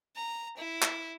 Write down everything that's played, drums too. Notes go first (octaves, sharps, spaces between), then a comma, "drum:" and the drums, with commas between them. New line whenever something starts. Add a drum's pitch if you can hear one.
A#5
E4
drum: clap